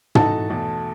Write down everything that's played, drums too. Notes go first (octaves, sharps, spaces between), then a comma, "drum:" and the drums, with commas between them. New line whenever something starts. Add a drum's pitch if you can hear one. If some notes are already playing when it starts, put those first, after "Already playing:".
E3 A3 D#4 F#4 A4 A5, drum: tom
E2 B2 A3